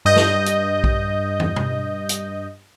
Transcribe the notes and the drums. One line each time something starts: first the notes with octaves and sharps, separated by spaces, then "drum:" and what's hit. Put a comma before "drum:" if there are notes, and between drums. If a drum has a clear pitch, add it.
G2 D#5 G6
drum: snare
drum: hi-hat
drum: kick A#1
drum: tom
drum: tom B2
drum: hi-hat